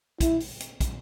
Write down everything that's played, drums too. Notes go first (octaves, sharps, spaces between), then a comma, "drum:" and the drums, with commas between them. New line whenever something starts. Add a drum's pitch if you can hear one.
E4, drum: kick, hi-hat
drum: open hi-hat
drum: hi-hat
drum: kick, hi-hat